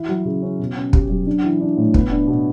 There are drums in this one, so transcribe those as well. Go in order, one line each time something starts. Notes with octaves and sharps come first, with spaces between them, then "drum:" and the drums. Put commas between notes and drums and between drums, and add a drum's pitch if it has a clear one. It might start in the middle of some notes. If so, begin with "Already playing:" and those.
Already playing: E3 E4
F#3
C#3
C#4
B2
C#4
G4, drum: kick
F#3
D4
E3
D4
A2
B3, drum: kick
D4
B2